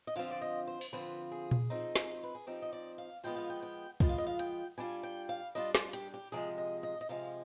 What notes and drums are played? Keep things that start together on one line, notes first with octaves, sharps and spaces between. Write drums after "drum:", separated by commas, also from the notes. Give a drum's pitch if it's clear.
D#5
D3 F3 C4 F4 F5
D5
D#5
C5
drum: open hi-hat
D3 F3 C4 F4 B4
G#4
drum: tom A#2
F3 C4 D#4
drum: snare
B4
G#4
F3 C4 D#4 G4
D#5
D5
F5
F3 G#3 B3 F4 G5
F5
G5
G5
F3 G#3 B3 F4 G5, drum: kick
F5
D#5
F5
G5, drum: hi-hat
G3 D4 F4 G#5
G5
F5
G3 D4 F4 D#5
F4, drum: snare
G4, drum: hi-hat
G4
C3 F3 G#3 G#4
D#5
D#5
D#5
C3 F3 G#3 F5